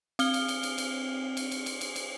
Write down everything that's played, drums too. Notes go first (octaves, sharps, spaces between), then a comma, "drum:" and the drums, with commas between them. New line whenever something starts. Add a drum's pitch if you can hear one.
C4 F6 G7, drum: cymbal
drum: cymbal
drum: cymbal
drum: cymbal
drum: cymbal
drum: cymbal
drum: cymbal
drum: cymbal
drum: cymbal
drum: cymbal